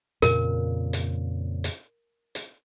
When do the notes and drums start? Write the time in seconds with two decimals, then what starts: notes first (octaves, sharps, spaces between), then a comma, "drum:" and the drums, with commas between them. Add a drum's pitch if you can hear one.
0.22 F2 A#2 C#3 A#4, drum: hi-hat
0.93 drum: hi-hat
1.64 drum: hi-hat
2.35 drum: hi-hat